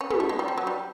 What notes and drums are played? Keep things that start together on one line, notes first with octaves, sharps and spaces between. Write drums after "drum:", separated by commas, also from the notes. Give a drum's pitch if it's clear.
C#4
B3, drum: tom
A3
G#3
G3
F3
F#3
G3